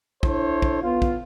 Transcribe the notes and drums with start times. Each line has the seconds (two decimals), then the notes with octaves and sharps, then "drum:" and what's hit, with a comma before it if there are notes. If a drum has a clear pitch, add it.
0.23 D4 E4 A4 C5 C#5, drum: kick
0.62 drum: kick
0.82 B3 F4
1.02 drum: kick